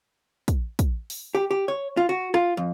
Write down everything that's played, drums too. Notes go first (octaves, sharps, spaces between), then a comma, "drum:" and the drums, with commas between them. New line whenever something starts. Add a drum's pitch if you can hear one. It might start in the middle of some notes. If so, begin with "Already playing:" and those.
drum: kick, hi-hat
drum: kick, hi-hat
drum: open hi-hat
G4
G4
C#5
F4
F#4
F4, drum: rim click
F2